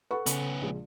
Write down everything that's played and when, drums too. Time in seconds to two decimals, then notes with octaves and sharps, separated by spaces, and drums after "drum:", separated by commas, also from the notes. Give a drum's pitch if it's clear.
0.11 A4 B4 F#5 C#6
0.26 C#3 B3 C#4, drum: hi-hat
0.61 A#1 G#3